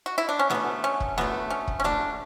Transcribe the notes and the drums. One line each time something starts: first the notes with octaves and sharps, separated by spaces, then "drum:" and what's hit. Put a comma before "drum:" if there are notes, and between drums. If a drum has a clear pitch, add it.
F#4
E4
D4
C#4
D3 F#3 A3 B3, drum: snare
C#4
drum: kick
D3 F#3 A3 B3, drum: snare
C#4
drum: kick
C#4
D3 F#3 A3 D4, drum: snare